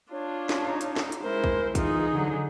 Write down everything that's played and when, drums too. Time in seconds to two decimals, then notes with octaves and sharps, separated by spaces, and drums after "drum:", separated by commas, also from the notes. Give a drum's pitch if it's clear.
0.12 D4 F4 C#5
0.49 drum: snare
0.65 D#4
0.81 drum: hi-hat
0.96 drum: snare
1.12 drum: hi-hat
1.23 G#3 E4 A#4 C5
1.44 drum: kick
1.75 E3 D#4 F4 G#4, drum: kick, hi-hat
2.13 D3 F#3 G#5